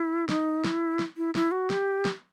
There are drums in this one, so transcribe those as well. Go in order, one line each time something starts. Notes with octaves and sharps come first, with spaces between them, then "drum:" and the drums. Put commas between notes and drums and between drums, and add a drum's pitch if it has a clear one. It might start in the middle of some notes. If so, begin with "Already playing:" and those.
Already playing: E4
D#4, drum: snare
E4, drum: snare
drum: snare
E4
E4, drum: snare
F#4
G4, drum: snare
drum: snare